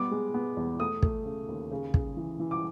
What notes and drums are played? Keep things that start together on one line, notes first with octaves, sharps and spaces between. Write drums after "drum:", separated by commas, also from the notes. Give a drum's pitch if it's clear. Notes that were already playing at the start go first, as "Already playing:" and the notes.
Already playing: G3 B3 D6
G#3
B3
E2
A3 D#6
A3, drum: kick
C#3
D#2
C#3
C#3, drum: kick
E3
E3
D6